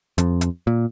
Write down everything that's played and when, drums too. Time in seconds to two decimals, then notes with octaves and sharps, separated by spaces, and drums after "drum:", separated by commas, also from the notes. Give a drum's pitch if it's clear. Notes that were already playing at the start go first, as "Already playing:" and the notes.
0.18 F2, drum: hi-hat
0.41 drum: hi-hat
0.67 A#2